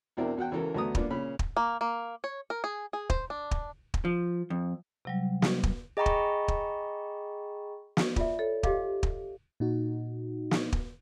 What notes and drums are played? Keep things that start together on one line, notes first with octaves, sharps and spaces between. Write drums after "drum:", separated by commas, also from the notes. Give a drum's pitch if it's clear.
E2 B2 C4 D4 E4 A#4
E2 F#4 F#5 G5
C#2 E3 F#4 A4 A#4
D2 F#3 A3 B3 A#5 D#6
A#3 B3 D4 F4, drum: kick
A#2 C#3 B5
drum: kick
A#3
A#3
C#5
A#4
G#4
G#4
C5, drum: kick
D4
drum: kick
drum: kick
F3
F2
C3 F#3 G3
drum: snare
drum: kick
G#4 D#5 G5 A#5 B5 C#6
drum: kick
drum: kick
drum: snare
F4 D5 E5, drum: kick
A4 C#5
G4 D#5 F5 D6, drum: kick
drum: kick
A#2 D#4 F#4
drum: snare
drum: kick